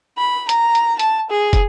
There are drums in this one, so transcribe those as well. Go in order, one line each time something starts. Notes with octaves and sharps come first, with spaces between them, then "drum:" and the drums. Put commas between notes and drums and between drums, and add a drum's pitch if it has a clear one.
B5
A#5, drum: hi-hat
drum: hi-hat
A5, drum: hi-hat
G#4
drum: kick, hi-hat